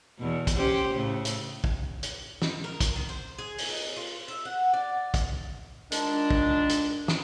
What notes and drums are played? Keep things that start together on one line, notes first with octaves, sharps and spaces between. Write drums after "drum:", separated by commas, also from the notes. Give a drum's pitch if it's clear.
E2 B2
drum: kick, hi-hat
C#4 G4 C5
A2 C#3
drum: hi-hat
drum: kick
drum: hi-hat
drum: snare
A#4
drum: kick, hi-hat
D#3
C5
G#4
drum: open hi-hat
D#4
F4
E5
F#5
D5
drum: kick, hi-hat
A#2 D#3 G#3 D4, drum: hi-hat
drum: kick
drum: hi-hat
drum: snare